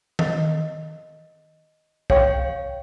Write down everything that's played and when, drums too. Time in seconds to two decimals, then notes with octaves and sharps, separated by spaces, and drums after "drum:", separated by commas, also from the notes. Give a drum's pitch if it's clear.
0.19 D#5, drum: tom D#3
2.10 C#5 F5 G5 C#6, drum: kick